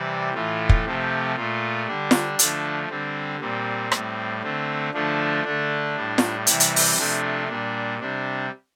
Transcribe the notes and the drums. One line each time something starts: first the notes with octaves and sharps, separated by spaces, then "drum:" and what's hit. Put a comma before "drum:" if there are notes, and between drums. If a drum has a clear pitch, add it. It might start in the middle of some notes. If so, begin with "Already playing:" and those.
Already playing: C3 E3 G3 D5
A2 E3 A3 F4
drum: kick
C3 F3 A3 G4
A#2 A3 F4
D3 G3 D4
drum: snare
D3 F3 A3, drum: hi-hat
D3 G3 C4
A#2 G3 C4
A2 G3, drum: rim click
D3 A3 C4
D3 F3 A3 D4
D3 A3 D4
A2 G3
drum: snare
C3 E3 G3 E4, drum: hi-hat
drum: hi-hat
drum: open hi-hat
C3 F3 A3 D4
A#2 G3 D4
C3 G3 D4